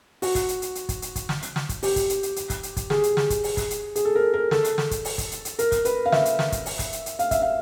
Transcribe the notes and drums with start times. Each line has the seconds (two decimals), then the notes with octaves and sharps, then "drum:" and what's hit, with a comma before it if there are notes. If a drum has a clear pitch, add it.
0.22 F#4, drum: open hi-hat
0.35 drum: kick, hi-hat
0.48 drum: hi-hat
0.62 drum: hi-hat
0.75 drum: hi-hat
0.89 drum: kick, hi-hat
1.02 drum: hi-hat
1.16 drum: kick, hi-hat
1.29 drum: snare
1.42 drum: hi-hat
1.56 drum: snare
1.69 drum: kick, hi-hat
1.83 G4, drum: open hi-hat
1.96 drum: kick, hi-hat
2.09 drum: hi-hat
2.23 drum: hi-hat
2.36 drum: hi-hat
2.50 drum: kick, hi-hat
2.63 drum: hi-hat
2.77 drum: kick, hi-hat
2.90 G#4, drum: snare
3.03 drum: hi-hat
3.17 drum: snare
3.30 drum: kick, hi-hat
3.44 drum: open hi-hat
3.57 drum: kick, hi-hat
3.70 drum: hi-hat
3.96 G#4, drum: hi-hat
4.05 A4
4.15 A#4
4.34 A#4
4.51 A4, drum: snare
4.64 drum: hi-hat
4.78 drum: snare
4.91 drum: kick, hi-hat
5.05 drum: open hi-hat
5.18 drum: kick, hi-hat
5.32 drum: hi-hat
5.45 drum: hi-hat
5.59 A#4, drum: hi-hat
5.72 drum: kick, hi-hat
5.85 B4, drum: hi-hat
6.06 F5
6.12 E5, drum: snare
6.25 drum: hi-hat
6.39 drum: snare
6.52 drum: kick, hi-hat
6.66 drum: open hi-hat
6.79 drum: kick, hi-hat
6.93 drum: hi-hat
7.06 drum: hi-hat
7.19 F5, drum: hi-hat
7.31 E5, drum: kick, hi-hat
7.42 F5